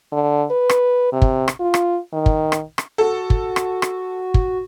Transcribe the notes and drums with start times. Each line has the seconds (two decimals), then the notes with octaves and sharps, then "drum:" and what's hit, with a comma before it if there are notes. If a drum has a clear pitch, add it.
0.12 D3
0.50 B4
0.69 drum: rim click
1.12 C3
1.22 drum: kick
1.48 drum: rim click
1.60 F4
1.74 drum: rim click
2.13 D#3
2.26 drum: kick
2.52 drum: rim click
2.78 drum: rim click
2.98 F#4 A4
3.30 drum: kick
3.56 drum: rim click
3.82 drum: rim click
4.34 drum: kick